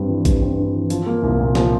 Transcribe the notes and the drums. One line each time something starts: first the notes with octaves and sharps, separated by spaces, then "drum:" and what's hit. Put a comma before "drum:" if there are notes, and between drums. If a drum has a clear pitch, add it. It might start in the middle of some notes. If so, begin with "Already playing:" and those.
Already playing: G2 G3 C4
E3
G3, drum: kick A#1, hi-hat
C4
G2
E3
F3, drum: hi-hat
A#3
C2
A#2
F3, drum: snare